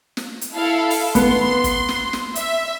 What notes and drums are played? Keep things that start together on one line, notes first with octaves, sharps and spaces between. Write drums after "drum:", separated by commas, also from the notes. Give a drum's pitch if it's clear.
drum: snare
drum: hi-hat
E4 A4 F5
drum: open hi-hat
B3 C6, drum: kick, hi-hat
drum: kick, hi-hat
drum: snare
drum: snare
E5, drum: hi-hat